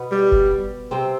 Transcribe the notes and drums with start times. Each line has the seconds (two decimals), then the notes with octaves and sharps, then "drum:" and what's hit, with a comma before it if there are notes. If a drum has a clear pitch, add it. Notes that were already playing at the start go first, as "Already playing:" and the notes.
Already playing: B2 B3
0.12 G3
0.32 drum: kick F#1
0.91 C3 C4